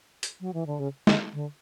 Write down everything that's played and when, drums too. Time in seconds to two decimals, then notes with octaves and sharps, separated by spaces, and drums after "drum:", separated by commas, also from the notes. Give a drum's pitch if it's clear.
0.23 drum: hi-hat
0.41 F#3
0.54 E3
0.67 D3
0.80 C#3
1.07 D3, drum: snare
1.33 D3